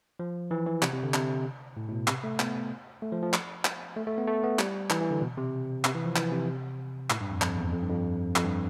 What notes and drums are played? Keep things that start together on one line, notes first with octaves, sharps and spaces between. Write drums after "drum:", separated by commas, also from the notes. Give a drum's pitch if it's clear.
F3
E3
E3
C3, drum: clap
C3
D3
C3, drum: clap
A2
A2
B2
C3, drum: clap
A3
B3, drum: clap
A3
F3
F3
drum: clap
drum: clap
A3
A3
B3
A3
B3
G3, drum: clap
E3, drum: clap
E3
D3
B2
C3
C3, drum: clap
E3
F3
E3, drum: clap
C3
A2, drum: clap
G2
F2
F2, drum: clap
E2
F2
G2
F2
F2, drum: clap
G2